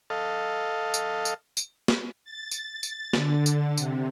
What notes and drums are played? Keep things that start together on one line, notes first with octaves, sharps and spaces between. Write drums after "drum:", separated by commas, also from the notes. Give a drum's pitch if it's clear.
A4 D#5 F5
drum: tambourine
drum: tambourine
drum: tambourine
drum: snare
A6
drum: tambourine
drum: tambourine
D3, drum: snare
drum: tambourine
C3, drum: tambourine